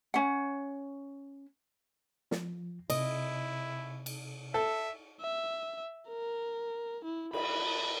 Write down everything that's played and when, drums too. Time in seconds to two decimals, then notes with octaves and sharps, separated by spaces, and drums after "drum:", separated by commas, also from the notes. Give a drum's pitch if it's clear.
0.14 C#4 F#5
2.31 F3, drum: snare
2.90 C3 E4 D#5, drum: cymbal
4.06 drum: cymbal
4.54 A4 E5
5.21 E5
6.09 A#4
7.04 E4
7.33 B5, drum: cymbal